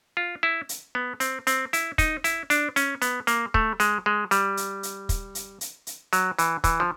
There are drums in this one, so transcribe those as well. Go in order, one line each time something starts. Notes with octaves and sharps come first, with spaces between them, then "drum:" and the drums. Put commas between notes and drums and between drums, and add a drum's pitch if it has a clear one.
F4
E4
drum: hi-hat
B3
C4, drum: hi-hat
C4, drum: hi-hat
E4, drum: hi-hat
D#4, drum: kick, hi-hat
E4, drum: hi-hat
D4, drum: hi-hat
C#4, drum: hi-hat
B3, drum: hi-hat
A#3, drum: hi-hat
A3, drum: kick
G#3, drum: hi-hat
G#3
G3, drum: hi-hat
drum: hi-hat
drum: hi-hat
drum: kick, hi-hat
drum: hi-hat
drum: hi-hat
drum: hi-hat
F#3, drum: hi-hat
E3, drum: hi-hat
E3, drum: kick, hi-hat
F3